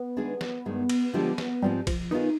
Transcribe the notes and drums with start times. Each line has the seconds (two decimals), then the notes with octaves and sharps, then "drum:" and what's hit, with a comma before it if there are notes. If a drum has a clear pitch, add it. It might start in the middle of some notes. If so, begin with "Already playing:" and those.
Already playing: B3
0.17 D#3 G#3 D4 G#4
0.41 drum: snare
0.65 G2 D#3 G#3
0.89 drum: cymbal
1.13 D3 F3 G#3 D4 G4
1.38 drum: snare
1.62 G#2 F3 G3 C4
1.87 F3, drum: kick A#1, cymbal
2.11 D#3 B3 D#4 F4 G#4